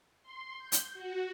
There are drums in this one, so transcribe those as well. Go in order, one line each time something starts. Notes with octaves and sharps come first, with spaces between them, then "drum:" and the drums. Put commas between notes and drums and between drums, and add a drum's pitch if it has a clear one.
C6
G6
drum: hi-hat
F#4